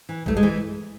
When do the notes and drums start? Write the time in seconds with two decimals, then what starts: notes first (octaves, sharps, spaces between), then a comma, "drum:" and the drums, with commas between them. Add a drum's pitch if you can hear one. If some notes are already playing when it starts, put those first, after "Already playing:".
0.09 E3
0.26 G2 A3, drum: kick
0.37 G#3
0.43 E3